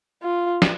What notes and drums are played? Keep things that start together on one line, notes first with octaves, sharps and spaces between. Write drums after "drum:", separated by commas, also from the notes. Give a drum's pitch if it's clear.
F4
drum: snare